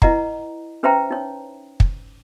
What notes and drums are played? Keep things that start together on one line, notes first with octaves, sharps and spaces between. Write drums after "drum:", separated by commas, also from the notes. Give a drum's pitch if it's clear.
E4 B4 D#5 F#5 A#5, drum: kick
C#4 B4 C5 E5 G5 A#5
D#4 C#5
drum: kick